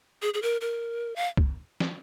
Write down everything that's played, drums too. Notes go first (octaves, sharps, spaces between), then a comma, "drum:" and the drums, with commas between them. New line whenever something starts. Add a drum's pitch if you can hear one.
G#4
G#4
A#4
A#4
F5
drum: kick
drum: snare